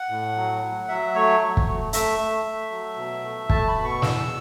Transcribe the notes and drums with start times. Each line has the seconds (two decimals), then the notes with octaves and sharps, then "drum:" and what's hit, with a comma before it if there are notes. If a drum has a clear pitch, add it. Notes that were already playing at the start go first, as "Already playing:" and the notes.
Already playing: F#5
0.10 A2
0.37 F#3
0.62 F#3
0.88 F#3 E5
1.15 A3 C#5
1.40 F#3
1.57 drum: kick
1.67 A3
1.93 A3 E5, drum: hi-hat
2.19 A3
2.45 A3
2.71 F#3
2.97 B2
3.24 A3
3.49 A3 A5, drum: kick
3.68 B5
3.76 B2
3.84 C#6
4.02 E2 E6, drum: snare